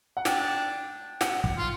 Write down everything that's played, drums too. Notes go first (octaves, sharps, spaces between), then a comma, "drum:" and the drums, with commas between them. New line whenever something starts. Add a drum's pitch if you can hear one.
F#5
D4 G5, drum: snare
F#5, drum: snare
drum: kick
F4